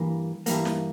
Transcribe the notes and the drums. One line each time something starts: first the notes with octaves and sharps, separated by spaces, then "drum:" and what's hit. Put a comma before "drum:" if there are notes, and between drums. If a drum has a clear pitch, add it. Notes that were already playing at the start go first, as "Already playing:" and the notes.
Already playing: G2 E3 G3 A#3
G2 E3 G3 A#3, drum: hi-hat
drum: snare